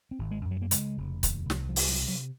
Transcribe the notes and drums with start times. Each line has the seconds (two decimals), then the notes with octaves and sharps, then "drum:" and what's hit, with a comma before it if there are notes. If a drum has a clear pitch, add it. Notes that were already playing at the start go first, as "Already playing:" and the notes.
0.11 C4
0.19 G#1
0.31 G#3
0.45 F#2
0.51 F#3
0.62 A#3
0.71 C#3 G#3, drum: hi-hat
0.97 F1
1.23 D#2, drum: kick C#1, hi-hat
1.50 C2 F3, drum: snare
1.69 F3
1.76 C2, drum: open hi-hat
1.88 F#3
2.02 C3
2.08 F#3